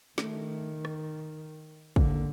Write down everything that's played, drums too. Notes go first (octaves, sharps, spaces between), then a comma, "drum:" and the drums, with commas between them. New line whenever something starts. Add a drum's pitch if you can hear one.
D#3 A3, drum: snare
drum: rim click
D3 A#3, drum: kick